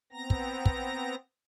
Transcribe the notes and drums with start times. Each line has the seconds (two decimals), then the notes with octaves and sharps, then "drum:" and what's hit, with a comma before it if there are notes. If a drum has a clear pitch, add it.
0.12 B3 C4 A#5 A#6
0.30 drum: kick
0.66 drum: kick